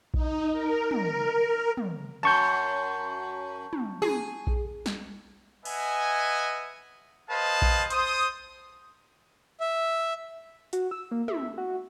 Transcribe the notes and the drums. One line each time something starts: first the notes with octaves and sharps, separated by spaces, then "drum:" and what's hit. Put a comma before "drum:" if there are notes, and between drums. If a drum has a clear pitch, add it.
D#4, drum: kick A#1
A#4
A#4, drum: tom
drum: tom
F#2 A5 C#6 G6
drum: tom
G#4, drum: tom
drum: kick A#1
drum: snare
B4 D#5 E5 F#5 G#5, drum: cymbal
G#4 B4 C5 D#5 F5 A5
drum: kick A#1
C5 D#6, drum: hi-hat
E5
F#4, drum: hi-hat
E6
A#3
E5, drum: tom
F#4